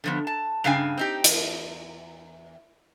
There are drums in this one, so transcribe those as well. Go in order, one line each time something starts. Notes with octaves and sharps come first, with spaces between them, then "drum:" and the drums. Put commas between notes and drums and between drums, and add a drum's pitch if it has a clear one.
D3 F3 B3
A5
G2 C#3 D4 F5 G5 G#5
C4 D#4 G4
E2, drum: hi-hat